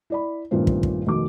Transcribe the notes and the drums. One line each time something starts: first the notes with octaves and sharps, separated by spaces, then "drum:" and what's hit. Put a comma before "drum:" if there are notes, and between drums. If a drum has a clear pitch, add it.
E4 D5 B5
G2 A#2 D#3 A3 A#3 C4
drum: kick
drum: kick
F1 B2 D#3 D6